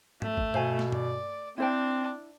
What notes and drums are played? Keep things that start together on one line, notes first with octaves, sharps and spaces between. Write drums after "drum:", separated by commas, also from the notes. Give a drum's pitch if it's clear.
A3, drum: tom G#2
drum: kick
B2 C5 F5 G#5, drum: tom G2
drum: snare
D5, drum: tom G2
C4 D4 E4 C5 G5